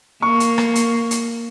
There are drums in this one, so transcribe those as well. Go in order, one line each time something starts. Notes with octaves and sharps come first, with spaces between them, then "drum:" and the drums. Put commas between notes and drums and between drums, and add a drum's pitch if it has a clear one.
A#3 C#6
drum: hi-hat
drum: rim click
drum: hi-hat
drum: hi-hat